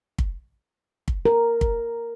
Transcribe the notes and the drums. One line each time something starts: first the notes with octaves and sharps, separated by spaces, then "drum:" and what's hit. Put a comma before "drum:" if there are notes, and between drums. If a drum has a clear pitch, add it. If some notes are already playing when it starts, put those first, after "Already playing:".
drum: kick
drum: kick
A#4
drum: kick